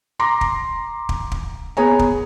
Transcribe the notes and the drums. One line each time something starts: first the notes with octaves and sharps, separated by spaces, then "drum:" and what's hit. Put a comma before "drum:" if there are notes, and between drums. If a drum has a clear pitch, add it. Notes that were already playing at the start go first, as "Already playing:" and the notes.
A#5 C6 D6 A#6
drum: kick
drum: kick
drum: kick
B3 G#4 C#5 G#5 A#5
drum: kick